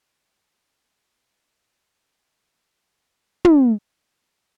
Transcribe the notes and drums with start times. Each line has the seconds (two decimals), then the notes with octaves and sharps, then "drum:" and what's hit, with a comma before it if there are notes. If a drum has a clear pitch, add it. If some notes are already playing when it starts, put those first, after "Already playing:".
Already playing: F#2
0.64 F3
1.34 G#2
1.98 E3
2.04 G2 F3
2.27 E3
2.52 D#3
2.75 G#2
3.45 drum: tom
4.15 D#3